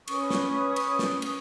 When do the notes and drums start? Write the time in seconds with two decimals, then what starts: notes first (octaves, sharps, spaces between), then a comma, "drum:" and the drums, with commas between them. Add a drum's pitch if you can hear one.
0.08 C#4 B4 C#6 D#6, drum: cymbal
0.30 drum: snare
0.76 drum: cymbal
0.99 drum: snare
1.22 drum: cymbal